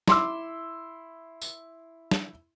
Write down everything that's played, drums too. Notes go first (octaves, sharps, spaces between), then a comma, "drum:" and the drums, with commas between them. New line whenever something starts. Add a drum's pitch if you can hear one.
E4 C6 D6 E6, drum: snare
drum: tambourine
drum: snare